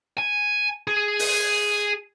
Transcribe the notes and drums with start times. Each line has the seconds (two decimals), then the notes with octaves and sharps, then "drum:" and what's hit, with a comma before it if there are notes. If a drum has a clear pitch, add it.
0.17 G#5
0.88 G#4
1.19 drum: open hi-hat